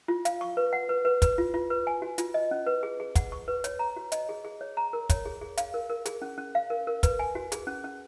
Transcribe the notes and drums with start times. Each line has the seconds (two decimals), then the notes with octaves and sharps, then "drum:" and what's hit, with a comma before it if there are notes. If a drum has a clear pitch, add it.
0.08 F4
0.25 F5, drum: hi-hat
0.41 C#6
0.57 B4
0.73 F#5
0.89 B4
1.05 B4
1.22 B4, drum: kick, hi-hat
1.38 F4
1.54 F4
1.70 B4
1.87 G#5
2.02 F#4
2.18 F4, drum: hi-hat
2.34 D#5
2.51 C#4
2.66 B4
2.83 G#4
3.00 G#4
3.15 F#5, drum: kick, hi-hat
3.32 C#6
3.48 B4
3.64 C#5, drum: hi-hat
3.79 A#5
3.96 F#4
4.12 D#5, drum: hi-hat
4.29 G#4
4.45 G#4
4.61 C#5
4.77 A#5
4.93 A#4
5.09 C#5, drum: kick, hi-hat
5.26 G#4
5.41 G#4
5.57 F5, drum: hi-hat
5.74 A#4
5.90 A#4
6.05 G#4, drum: hi-hat
6.22 C#4
6.38 C#4
6.55 F5
6.70 A#4
6.87 A#4
7.03 B4, drum: kick, hi-hat
7.19 G#5
7.35 F#4
7.52 G#4, drum: hi-hat
7.67 C#4
7.84 C#4